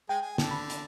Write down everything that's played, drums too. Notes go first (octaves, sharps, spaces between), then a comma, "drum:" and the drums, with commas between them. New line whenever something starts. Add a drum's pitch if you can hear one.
G#3 G#4 G5
G#4
D3 A5, drum: snare
B5
drum: hi-hat